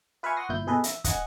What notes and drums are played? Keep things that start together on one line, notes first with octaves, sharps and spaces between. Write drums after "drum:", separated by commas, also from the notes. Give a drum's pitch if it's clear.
F4 B4 E5 F5 G#5 C#6
F#5 C6 C#6 D#6 A#6 C7
G1 A#2 E4 G6
B2 G#4 A4 B4 D#5
E5, drum: hi-hat
D#5 F#5 G#5 G#6, drum: kick, hi-hat